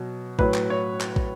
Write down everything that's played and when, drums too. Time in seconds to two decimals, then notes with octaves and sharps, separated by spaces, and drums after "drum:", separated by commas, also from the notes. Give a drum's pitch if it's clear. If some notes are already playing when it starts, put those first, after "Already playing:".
Already playing: B2 F#3
0.39 A2 F#3 B4, drum: kick
0.54 drum: clap
0.70 C#5
1.01 drum: clap
1.16 drum: kick